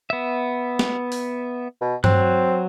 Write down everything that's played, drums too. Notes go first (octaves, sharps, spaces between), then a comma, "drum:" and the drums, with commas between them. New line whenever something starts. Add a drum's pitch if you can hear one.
B3 E5
drum: snare
drum: open hi-hat
B2
F#3 C4 F#6, drum: tom G2